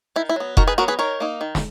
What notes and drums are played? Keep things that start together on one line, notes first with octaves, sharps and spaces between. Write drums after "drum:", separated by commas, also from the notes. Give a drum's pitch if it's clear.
D#3 E4
E4
F#3 B3
D#3 F#4 A#4, drum: kick F1
G#4 B4
F#3 B3 F#4 A#4
G#4 B4
D#3 A#4 C#5
A#3 D#4
D#3
drum: snare